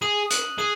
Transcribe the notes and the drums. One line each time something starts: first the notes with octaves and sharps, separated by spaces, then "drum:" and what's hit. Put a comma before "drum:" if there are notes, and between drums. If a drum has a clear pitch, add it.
G#4 D#6 D#7
F#6 F#7, drum: hi-hat
G#4 D#6 D#7